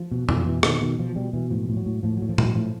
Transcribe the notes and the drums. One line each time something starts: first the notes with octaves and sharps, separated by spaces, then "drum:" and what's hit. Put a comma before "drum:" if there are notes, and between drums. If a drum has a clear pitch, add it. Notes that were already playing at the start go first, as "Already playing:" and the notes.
Already playing: F3
B2
B2, drum: tom F2
F3
B2 E3
B2 D#3, drum: rim click
B2 D#3
B2 F3
B2 G3
B2 E3
A2 F3
A2
F#3
A2
A2 F3
A2 F#3
F3
A2 F#3, drum: tom A#2
A2 F3